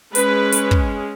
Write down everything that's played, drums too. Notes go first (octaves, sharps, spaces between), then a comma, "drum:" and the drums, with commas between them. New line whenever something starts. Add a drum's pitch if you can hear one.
G#3 C#4 B4, drum: hi-hat
drum: hi-hat
drum: kick